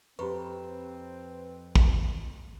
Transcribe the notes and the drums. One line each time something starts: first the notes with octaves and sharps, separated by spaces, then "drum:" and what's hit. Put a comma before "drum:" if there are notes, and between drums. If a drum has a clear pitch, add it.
F2 C4 G4 B4 A#5 C#6
drum: kick